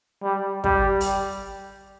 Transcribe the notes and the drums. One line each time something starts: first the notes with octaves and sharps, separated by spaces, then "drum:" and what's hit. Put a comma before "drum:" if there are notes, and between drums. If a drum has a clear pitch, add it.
G3
G3, drum: kick
drum: open hi-hat